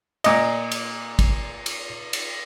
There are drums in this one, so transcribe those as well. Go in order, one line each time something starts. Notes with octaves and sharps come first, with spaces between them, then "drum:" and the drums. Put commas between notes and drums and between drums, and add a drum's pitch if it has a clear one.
A#2 D#5, drum: cymbal
drum: cymbal
drum: kick, cymbal
drum: cymbal
drum: cymbal